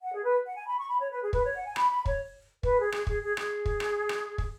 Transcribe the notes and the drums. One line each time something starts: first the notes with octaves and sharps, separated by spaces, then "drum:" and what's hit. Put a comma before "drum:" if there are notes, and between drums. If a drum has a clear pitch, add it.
F#5
G#4
B4
F#5
G#5
B5
C#6
B5
C#5
B4
G#4
B4, drum: kick
C#5
F#5
G#5
B5, drum: rim click
B5
C#5, drum: kick
B4, drum: kick
G#4
G#4, drum: rim click
G#4, drum: kick
G#4
G#4, drum: rim click
drum: kick
drum: rim click
drum: rim click
drum: kick